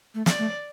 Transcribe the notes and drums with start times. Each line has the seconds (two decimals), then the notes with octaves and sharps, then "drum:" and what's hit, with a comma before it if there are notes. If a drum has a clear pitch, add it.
0.15 A3
0.26 D5, drum: snare
0.39 A3